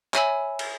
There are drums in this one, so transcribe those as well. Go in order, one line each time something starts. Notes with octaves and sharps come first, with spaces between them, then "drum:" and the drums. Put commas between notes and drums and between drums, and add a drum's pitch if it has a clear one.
C#5 E5 G#5 B5 E6, drum: clap
drum: cymbal